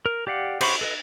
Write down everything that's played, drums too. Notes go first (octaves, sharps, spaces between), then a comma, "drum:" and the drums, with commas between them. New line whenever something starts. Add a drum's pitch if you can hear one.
A#4
G4 D5 F5 F#5
G4 C5 F#5 B5 C#6, drum: cymbal
A4 B4 D#5